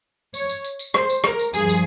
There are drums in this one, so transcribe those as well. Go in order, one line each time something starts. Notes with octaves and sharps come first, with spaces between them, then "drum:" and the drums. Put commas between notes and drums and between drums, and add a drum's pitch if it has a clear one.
C#5, drum: tambourine
drum: tambourine
drum: tambourine
drum: tambourine
C5, drum: rim click
drum: tambourine
A#4, drum: rim click
drum: tambourine
G2 F3 G#4, drum: tambourine
drum: tambourine